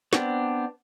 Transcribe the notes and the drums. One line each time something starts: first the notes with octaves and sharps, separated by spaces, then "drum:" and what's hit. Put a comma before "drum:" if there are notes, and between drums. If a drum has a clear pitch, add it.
B3 C4 D4, drum: snare